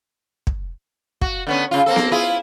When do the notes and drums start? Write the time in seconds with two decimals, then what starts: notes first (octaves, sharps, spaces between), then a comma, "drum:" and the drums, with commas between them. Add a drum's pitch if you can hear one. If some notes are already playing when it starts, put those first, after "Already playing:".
0.47 drum: kick
1.22 F#4, drum: kick
1.47 D3 B3 C#4
1.71 C#3 F4
1.86 A#3 C4 A4
1.96 drum: snare B3
2.12 E4 F4 G#4